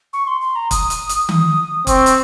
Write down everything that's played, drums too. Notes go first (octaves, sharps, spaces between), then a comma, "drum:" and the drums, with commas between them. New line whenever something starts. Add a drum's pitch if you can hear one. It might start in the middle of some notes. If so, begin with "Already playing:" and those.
C#6
C6
C6
A#5
D#6, drum: kick, hi-hat
drum: hi-hat
drum: hi-hat
D#6, drum: tom D#3
C4 C#6, drum: kick, hi-hat
drum: hi-hat